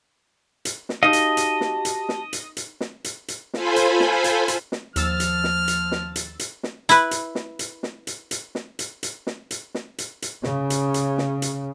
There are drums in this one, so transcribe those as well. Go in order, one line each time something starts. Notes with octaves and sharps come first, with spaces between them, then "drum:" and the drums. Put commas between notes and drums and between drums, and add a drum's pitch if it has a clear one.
drum: hi-hat
drum: snare
D#4 F#4 G4 D#5 F5 A5
drum: hi-hat
drum: hi-hat
drum: snare
drum: hi-hat
drum: snare
drum: hi-hat
drum: hi-hat
drum: snare
drum: hi-hat
drum: hi-hat
F4 A4 C5 G#5 B5, drum: snare
drum: hi-hat
drum: snare
drum: hi-hat
drum: hi-hat
drum: snare
D#2 F3 E6 F6 A6, drum: hi-hat
drum: hi-hat
drum: snare
drum: hi-hat
drum: snare
drum: hi-hat
drum: hi-hat
drum: snare
E4 B4, drum: hi-hat
drum: hi-hat
drum: snare
drum: hi-hat
drum: snare
drum: hi-hat
drum: hi-hat
drum: snare
drum: hi-hat
drum: hi-hat
drum: snare
drum: hi-hat
drum: snare
drum: hi-hat
drum: hi-hat
C#3, drum: snare
drum: hi-hat
drum: hi-hat
drum: snare
drum: hi-hat